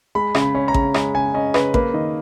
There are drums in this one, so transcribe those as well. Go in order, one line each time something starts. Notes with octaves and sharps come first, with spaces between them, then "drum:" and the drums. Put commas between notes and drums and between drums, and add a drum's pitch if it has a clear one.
G#3 B5
C#3, drum: rim click
B5
C#4
A#5
C#3, drum: kick A1
G#3 B5, drum: rim click
C#3 G#5
C#4 D#5
C#3 B4, drum: rim click
A#3 B4, drum: kick A1
D#3 D#5